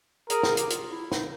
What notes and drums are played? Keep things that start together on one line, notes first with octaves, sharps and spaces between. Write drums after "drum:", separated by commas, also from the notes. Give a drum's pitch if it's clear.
G#4 A#4, drum: hi-hat
G#4, drum: snare
G4, drum: hi-hat
F4, drum: hi-hat
E4
D#4, drum: snare